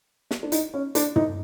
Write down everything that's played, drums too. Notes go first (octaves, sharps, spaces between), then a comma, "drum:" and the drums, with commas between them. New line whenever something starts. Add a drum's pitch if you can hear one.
drum: snare
D4
D#4, drum: hi-hat
C#4
D4, drum: hi-hat
D#4, drum: tom